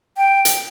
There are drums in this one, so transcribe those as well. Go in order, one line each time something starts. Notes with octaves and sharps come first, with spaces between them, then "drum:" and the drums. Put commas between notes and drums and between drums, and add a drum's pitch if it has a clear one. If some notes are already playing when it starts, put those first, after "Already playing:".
G5
drum: hi-hat